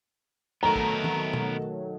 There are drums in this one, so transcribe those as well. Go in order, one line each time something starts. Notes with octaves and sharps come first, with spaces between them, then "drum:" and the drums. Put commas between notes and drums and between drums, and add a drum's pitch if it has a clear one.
D#3 F#3 A3 B3 A4 A#4 A#5
drum: kick
drum: tom E3
drum: tom B2